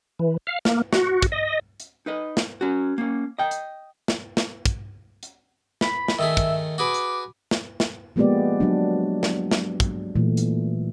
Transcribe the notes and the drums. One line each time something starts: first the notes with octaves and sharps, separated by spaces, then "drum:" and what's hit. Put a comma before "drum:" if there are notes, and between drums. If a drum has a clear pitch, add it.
E3
F5
A#3, drum: snare
F#4, drum: snare
drum: kick, hi-hat
D#5
drum: hi-hat
D#4 B4 D#5
drum: snare
C#4 F#4
A#3 C#4
D#5 G5
drum: hi-hat
drum: snare
drum: snare
drum: kick, hi-hat
drum: hi-hat
B5, drum: snare
drum: snare
D#3 A3 G#4 E5
drum: kick, hi-hat
F#4 G#4 B4 D6
drum: hi-hat
drum: snare
drum: snare
F3 G#3 A#3 B3 G4 D5
F#3 D4
drum: snare
drum: snare
drum: kick, hi-hat
A#2 E3 A3
drum: hi-hat